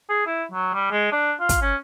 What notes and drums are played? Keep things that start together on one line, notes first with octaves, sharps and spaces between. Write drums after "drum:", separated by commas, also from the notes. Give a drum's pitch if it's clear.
G#4
E4
F#3
G3
G#3
D4
F4
drum: kick, hi-hat
C#4